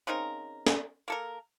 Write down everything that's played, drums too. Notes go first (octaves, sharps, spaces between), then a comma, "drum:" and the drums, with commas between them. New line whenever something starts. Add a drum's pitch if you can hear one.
C#3 C4 D#4 A#4
drum: snare
A#3 A4 A#4